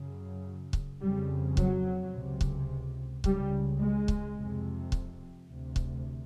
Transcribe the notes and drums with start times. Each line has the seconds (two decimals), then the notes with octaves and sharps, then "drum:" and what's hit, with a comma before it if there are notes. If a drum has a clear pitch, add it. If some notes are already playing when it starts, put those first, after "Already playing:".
Already playing: F#2 C#3
0.73 drum: kick C#1
1.01 F2 C#3 G3
1.57 F#3, drum: kick C#1
2.13 C#2 C3
2.41 drum: kick C#1
3.24 C#2 C#3 G3, drum: kick C#1
3.80 G#3
4.08 drum: kick C#1
4.37 F2 C3
4.92 drum: kick C#1
5.48 D2 C3
5.76 drum: kick C#1